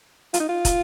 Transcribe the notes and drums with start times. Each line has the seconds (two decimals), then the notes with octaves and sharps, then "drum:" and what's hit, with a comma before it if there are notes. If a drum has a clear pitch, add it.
0.34 F4, drum: hi-hat
0.40 D#4
0.49 F4
0.65 drum: kick, hi-hat